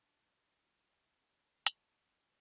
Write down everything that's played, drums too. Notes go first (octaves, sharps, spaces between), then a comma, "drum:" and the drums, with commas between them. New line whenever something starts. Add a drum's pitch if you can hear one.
D4
E4
A3, drum: hi-hat